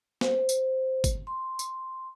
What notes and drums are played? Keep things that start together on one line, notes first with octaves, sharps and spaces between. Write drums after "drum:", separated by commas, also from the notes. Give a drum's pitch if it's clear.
C5, drum: snare
drum: tambourine
drum: kick, tambourine
C6
drum: tambourine